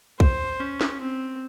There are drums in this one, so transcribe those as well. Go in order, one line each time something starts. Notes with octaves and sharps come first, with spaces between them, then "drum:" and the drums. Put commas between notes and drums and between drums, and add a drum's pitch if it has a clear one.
C5, drum: kick
C#4
drum: snare
C4